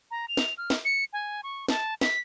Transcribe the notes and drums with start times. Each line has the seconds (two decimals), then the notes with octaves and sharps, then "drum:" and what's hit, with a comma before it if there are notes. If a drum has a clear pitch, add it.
0.11 A#5
0.28 F7
0.37 drum: snare
0.58 F6
0.70 drum: snare
0.85 C#7
1.13 G#5
1.43 C#6
1.68 A5, drum: snare
2.01 B6, drum: snare